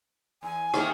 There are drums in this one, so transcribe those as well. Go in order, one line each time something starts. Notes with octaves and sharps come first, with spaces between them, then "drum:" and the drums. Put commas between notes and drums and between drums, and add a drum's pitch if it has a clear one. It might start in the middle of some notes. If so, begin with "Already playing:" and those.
E2 G#5
C3 D#3 A#3, drum: rim click